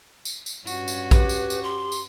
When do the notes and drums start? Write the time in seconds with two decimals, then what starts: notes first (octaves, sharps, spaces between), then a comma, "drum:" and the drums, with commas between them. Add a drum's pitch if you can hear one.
0.25 drum: tambourine
0.46 drum: tambourine
0.67 G2 C#4 F#4, drum: tambourine
0.88 drum: tambourine
1.11 G4 B4, drum: kick A#1, tambourine
1.29 drum: tambourine
1.50 drum: tambourine
1.63 C6
1.92 drum: tambourine